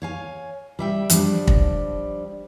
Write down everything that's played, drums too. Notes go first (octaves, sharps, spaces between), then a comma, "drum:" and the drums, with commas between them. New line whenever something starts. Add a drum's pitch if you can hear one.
C#5 F5 G#5
G3 E5 G5
F3 G3 D4, drum: hi-hat
drum: kick